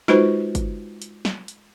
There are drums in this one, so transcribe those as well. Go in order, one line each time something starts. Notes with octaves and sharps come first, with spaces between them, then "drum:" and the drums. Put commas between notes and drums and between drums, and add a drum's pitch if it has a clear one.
G#3 D#4 F4 F#4 B4 C5, drum: snare
drum: kick G1, hi-hat
drum: hi-hat
drum: snare
drum: hi-hat